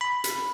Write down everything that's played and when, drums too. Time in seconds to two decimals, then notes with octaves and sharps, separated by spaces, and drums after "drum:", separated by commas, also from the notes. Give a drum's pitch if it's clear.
0.01 B5
0.24 drum: hi-hat